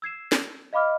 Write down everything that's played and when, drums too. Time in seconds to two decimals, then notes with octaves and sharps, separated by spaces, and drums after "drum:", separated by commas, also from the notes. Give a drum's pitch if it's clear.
0.02 E6 G#6 C7 E7
0.32 drum: snare
0.73 D#5 F5 B5 D6 F6